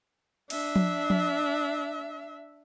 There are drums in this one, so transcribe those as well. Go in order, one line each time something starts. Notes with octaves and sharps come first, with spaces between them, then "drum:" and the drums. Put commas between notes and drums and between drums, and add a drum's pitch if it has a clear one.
D4 E5, drum: cymbal
drum: tom F3
drum: tom F3